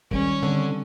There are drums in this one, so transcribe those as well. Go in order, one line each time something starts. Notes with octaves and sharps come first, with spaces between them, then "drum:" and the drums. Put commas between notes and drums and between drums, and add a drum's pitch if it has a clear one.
D#3 G3 G#3 C#4, drum: kick G#1
D3 G3 C4 C#5